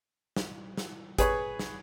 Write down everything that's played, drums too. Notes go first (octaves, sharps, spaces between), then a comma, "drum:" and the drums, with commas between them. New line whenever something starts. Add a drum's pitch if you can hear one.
drum: snare
drum: snare
G#4 B4 C#5, drum: kick G#1, hi-hat
drum: snare